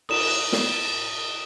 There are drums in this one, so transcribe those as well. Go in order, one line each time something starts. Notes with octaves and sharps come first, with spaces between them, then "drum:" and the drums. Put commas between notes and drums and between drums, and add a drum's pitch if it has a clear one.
D#6 E7, drum: cymbal
drum: snare